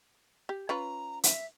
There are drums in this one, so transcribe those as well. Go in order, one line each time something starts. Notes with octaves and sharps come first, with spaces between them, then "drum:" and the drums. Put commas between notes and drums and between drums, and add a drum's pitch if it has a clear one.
G4
C#4 F4 B4 A#5
E5, drum: hi-hat